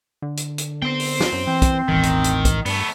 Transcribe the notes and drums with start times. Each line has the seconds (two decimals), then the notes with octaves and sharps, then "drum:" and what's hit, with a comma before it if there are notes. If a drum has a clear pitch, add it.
0.22 D3
0.37 drum: hi-hat
0.58 drum: hi-hat
0.82 B3 C5 G5
1.00 drum: open hi-hat
1.20 drum: snare
1.32 F#2
1.47 E3 C4
1.62 drum: kick, hi-hat
1.88 E1 A1 D#3 E3
2.03 drum: hi-hat
2.24 drum: hi-hat
2.45 drum: kick, hi-hat
2.66 G2 A3 B3, drum: open hi-hat